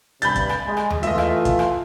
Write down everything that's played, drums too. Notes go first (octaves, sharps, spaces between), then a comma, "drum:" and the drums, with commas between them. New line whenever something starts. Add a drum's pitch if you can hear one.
G2 C3 B5 G6 A6, drum: hi-hat
drum: kick, hi-hat
drum: rim click
G#3
drum: rim click
drum: tom E2
E3 A3 F4 D#5 E5, drum: hi-hat
drum: rim click
drum: kick, hi-hat
drum: rim click